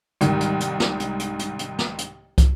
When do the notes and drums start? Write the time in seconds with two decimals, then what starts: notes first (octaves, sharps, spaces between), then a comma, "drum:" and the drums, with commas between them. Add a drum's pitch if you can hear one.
0.21 C2 G#2 D#3, drum: hi-hat
0.41 drum: hi-hat
0.60 drum: hi-hat
0.80 drum: snare
1.00 drum: hi-hat
1.19 drum: hi-hat
1.39 drum: hi-hat
1.59 drum: hi-hat
1.79 drum: snare
1.98 drum: hi-hat
2.38 drum: kick, hi-hat